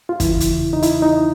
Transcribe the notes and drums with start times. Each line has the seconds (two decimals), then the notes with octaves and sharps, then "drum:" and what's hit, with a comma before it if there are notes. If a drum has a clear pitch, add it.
0.09 F4
0.20 E2 C#3 E3 E4, drum: kick, hi-hat
0.40 drum: hi-hat
0.73 D#4
0.82 E4, drum: hi-hat
1.02 D#4